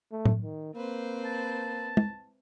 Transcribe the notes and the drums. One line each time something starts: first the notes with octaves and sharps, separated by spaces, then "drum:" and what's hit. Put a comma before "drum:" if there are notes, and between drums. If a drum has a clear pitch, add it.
A3
drum: tom A2
D#3
A#3 C4 B4 C5
A5
drum: tom